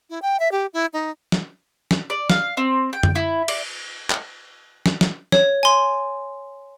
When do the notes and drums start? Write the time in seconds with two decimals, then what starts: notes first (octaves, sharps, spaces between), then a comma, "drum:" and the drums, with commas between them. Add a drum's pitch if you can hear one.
0.10 E4
0.22 G5
0.40 E5
0.52 G4
0.73 E4
0.93 D#4
1.32 drum: snare
1.91 drum: snare
2.10 D5
2.30 F5, drum: snare
2.57 C4
2.93 G5
3.03 drum: tom F#2
3.15 E4
3.48 D5, drum: cymbal
4.10 drum: clap
4.86 drum: snare
5.01 drum: snare
5.32 C#5, drum: snare
5.63 G#5 C6